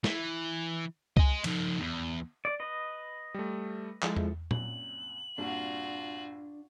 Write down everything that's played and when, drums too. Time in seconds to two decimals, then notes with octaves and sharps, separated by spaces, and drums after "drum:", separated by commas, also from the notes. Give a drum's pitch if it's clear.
0.04 E3, drum: snare
1.17 D#5 G#5, drum: kick C2
1.44 F3 D#4, drum: cymbal
1.80 E2
2.45 D5
2.60 B4 D#5
3.34 G3 A3
4.03 F3 G#3 E4 A4, drum: clap
4.16 drum: tom E2
4.51 C2 F#2 A#2 F#7, drum: tom A#2
5.38 C2 G2 A#2 D4 F4 F#4